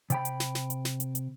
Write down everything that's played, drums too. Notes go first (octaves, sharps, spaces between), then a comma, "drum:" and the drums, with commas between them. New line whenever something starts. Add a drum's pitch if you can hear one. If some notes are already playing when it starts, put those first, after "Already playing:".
C3 G5 B5, drum: hi-hat
drum: hi-hat
drum: snare
drum: snare
drum: hi-hat
drum: snare
drum: hi-hat
drum: hi-hat